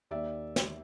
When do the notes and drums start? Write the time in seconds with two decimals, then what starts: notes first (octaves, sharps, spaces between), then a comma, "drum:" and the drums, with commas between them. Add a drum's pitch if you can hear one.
0.11 D#2 D5 E5
0.56 drum: snare